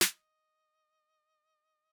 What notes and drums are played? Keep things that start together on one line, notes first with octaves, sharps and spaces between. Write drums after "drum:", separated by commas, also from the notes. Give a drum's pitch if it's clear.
D#5, drum: snare